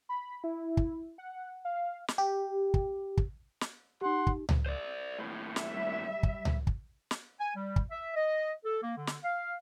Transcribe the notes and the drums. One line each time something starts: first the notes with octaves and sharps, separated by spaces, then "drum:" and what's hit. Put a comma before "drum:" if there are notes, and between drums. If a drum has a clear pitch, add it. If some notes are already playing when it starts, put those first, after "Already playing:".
B5
E4
drum: kick
F#5
F5
drum: snare
G4
drum: kick
drum: kick
drum: snare
D#4 G4 F#5 C6
drum: kick
drum: tom C#2
C5 D5
D#2 A2
G3 E5, drum: snare
drum: kick
drum: tom C#2
drum: kick
drum: snare
G#5
G3
drum: kick
E5
D#5
A4
A#3
D3
drum: snare
F5